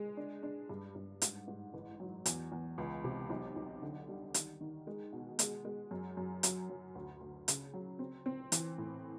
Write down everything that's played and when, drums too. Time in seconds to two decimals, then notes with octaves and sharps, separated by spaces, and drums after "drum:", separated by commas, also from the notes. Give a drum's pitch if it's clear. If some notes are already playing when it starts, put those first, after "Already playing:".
Already playing: G#3
0.17 D4
0.43 D4
0.69 G2
0.95 G2
1.22 G#2, drum: hi-hat
1.47 G#2
1.74 A1
2.00 F#3
2.26 E2, drum: hi-hat
2.52 E2
2.78 C#2
3.04 C3
3.30 B1
3.56 B1
3.82 D3
4.09 G3
4.34 D#3, drum: hi-hat
4.61 D#3
4.87 G#3
5.13 B2
5.39 G#3, drum: hi-hat
5.65 G#3
5.91 F#2
6.17 F#2
6.43 F#3, drum: hi-hat
6.69 F#3
6.95 D2
7.21 D2
7.48 C#3, drum: hi-hat
7.74 F#3
7.99 C4
8.26 C4
8.52 E3, drum: hi-hat
8.78 A2